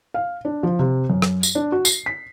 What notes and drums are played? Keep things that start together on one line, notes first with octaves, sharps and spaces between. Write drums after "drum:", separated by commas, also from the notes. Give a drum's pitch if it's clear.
F5
D4
F3
C3
F#2
drum: rim click
drum: tambourine
D4
F#4
C7, drum: tambourine
B6